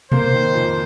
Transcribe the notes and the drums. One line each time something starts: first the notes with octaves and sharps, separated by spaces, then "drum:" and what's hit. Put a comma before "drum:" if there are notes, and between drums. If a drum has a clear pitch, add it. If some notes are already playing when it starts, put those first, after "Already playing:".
A#3 C5, drum: tom B2
D#3
F2